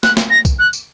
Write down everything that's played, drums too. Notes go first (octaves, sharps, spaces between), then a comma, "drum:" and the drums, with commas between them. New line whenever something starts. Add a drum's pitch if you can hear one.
F#6, drum: snare
drum: snare
A#6
drum: kick, tambourine
F#6
drum: tambourine